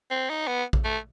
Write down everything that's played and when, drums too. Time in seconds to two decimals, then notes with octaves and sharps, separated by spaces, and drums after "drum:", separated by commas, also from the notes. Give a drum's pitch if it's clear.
0.10 C4
0.30 D#4
0.47 B3
0.73 drum: kick A#1
0.84 A3